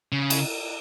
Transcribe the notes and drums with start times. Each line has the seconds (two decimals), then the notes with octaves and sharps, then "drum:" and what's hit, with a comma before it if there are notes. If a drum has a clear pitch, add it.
0.12 C#3
0.30 drum: cymbal